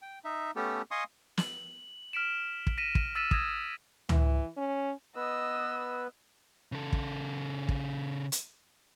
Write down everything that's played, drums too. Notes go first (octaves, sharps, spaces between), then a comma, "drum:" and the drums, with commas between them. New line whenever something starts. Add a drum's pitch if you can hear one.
G5
D#4 E5
A3 B3 C#4 G4 A4
D#5 F5 G#5 C6 C#6 D#6
F#7, drum: snare
F6 B6 D7 E7
drum: kick
A#6 B6 D#7 E7
drum: kick
E6 A6 B6 D#7 E7
D#6 E6 G#6 A#6, drum: kick
E3, drum: tom C#2
C#4
B3 B4 D#5 E6
C#3 A4
drum: kick
drum: kick
drum: hi-hat